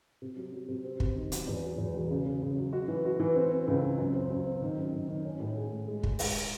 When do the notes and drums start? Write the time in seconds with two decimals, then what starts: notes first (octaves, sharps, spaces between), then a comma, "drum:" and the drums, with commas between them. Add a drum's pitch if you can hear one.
0.22 C3
0.36 F#3
0.52 F#3
0.68 C3
0.84 C4
1.00 C4, drum: kick
1.16 D#3
1.32 F#3, drum: hi-hat
1.47 E2
1.63 F#3
1.78 E2
1.95 E1
2.10 C#3
2.26 C#3
2.42 C#3
2.57 F#3
2.73 F#4
2.88 E3
3.05 F#4
3.20 E3
3.35 C4
3.52 C4
3.68 C#2
3.82 C#2
3.98 F#2
4.14 C4
4.30 F#2
4.46 C4
4.62 D#3
4.77 F#2
4.93 F#2
5.08 D#3
5.25 C#4
5.40 A2
5.57 G#4
5.72 A2
5.88 G#3
6.03 G#3, drum: kick
6.19 G#3, drum: open hi-hat